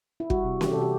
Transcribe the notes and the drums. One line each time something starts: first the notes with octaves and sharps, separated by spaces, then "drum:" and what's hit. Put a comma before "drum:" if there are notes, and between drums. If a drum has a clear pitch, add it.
E4
G3 F#4, drum: kick
C3
E3 G4, drum: snare C#4
A4
C3
G4